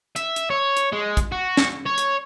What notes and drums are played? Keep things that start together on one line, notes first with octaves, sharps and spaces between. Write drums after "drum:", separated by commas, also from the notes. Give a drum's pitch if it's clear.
E5, drum: hi-hat
drum: hi-hat
C#5
drum: hi-hat
G#3
drum: kick A#1, hi-hat
F#4
drum: snare
C#5
drum: hi-hat